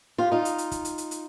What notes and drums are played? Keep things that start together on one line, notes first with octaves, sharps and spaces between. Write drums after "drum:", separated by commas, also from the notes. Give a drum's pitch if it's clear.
F4 G4
D#4 F4
drum: hi-hat
drum: hi-hat
drum: kick, hi-hat
drum: hi-hat
drum: hi-hat
drum: hi-hat